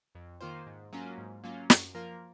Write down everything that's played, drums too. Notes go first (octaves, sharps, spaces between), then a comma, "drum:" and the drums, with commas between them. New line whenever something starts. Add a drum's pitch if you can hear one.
F2
D#3 A#3 F4 C5
G#2
F#3 A#3 C#4 F4
G#2
F#3 A#3 C#4 F4
F#2, drum: snare
F3 A#3 F4 A#4